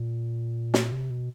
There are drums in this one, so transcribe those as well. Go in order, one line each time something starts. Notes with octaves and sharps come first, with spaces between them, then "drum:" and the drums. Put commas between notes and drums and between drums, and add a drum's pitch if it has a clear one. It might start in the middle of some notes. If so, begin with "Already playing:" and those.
Already playing: A#2
drum: snare
C3
B2